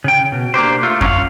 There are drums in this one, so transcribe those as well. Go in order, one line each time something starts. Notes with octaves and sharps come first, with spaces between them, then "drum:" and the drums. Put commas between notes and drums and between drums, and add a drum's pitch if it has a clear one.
C#3 G5
B2
A#3 D4 G4 C5
A3 F4
C#4 D4 F4 F5 F#5, drum: kick F2